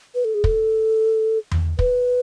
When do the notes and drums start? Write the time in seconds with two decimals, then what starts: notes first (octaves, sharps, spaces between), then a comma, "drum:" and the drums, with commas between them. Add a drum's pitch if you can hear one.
0.15 B4
0.24 A4
0.34 G#4
0.44 A4, drum: kick
1.52 drum: tom E2
1.79 B4, drum: kick